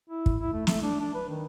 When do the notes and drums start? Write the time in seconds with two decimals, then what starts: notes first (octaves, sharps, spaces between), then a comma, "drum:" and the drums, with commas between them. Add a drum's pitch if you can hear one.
0.09 E4
0.26 drum: kick
0.40 E4
0.53 A3
0.67 A3, drum: snare
0.82 D4
1.00 D4
1.14 B4
1.29 D#3